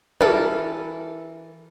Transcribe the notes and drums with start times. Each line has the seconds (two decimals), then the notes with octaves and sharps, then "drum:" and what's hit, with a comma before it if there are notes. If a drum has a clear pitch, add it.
0.21 E3 A4 A#4, drum: tom